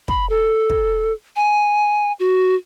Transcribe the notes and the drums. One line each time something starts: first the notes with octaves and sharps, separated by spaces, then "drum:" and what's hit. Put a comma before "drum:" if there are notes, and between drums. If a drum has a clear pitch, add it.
B5, drum: kick
A4
drum: kick
G#5
F#4